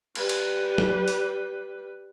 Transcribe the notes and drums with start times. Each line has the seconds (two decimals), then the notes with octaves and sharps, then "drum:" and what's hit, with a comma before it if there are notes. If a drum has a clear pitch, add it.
0.15 G3 B4, drum: cymbal
0.29 drum: cymbal
0.78 drum: tom F#3
1.08 drum: hi-hat